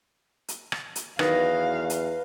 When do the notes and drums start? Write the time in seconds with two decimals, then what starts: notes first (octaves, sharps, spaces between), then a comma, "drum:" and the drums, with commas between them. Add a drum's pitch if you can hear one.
0.48 drum: hi-hat
0.72 drum: rim click
0.96 drum: hi-hat
1.19 E2 D#3 F#3 B4 F5 A#6, drum: rim click
1.90 drum: hi-hat